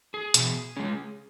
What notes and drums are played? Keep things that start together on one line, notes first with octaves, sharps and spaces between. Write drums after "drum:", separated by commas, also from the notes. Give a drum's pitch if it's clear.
G#4
B2, drum: hi-hat
G#3 C#4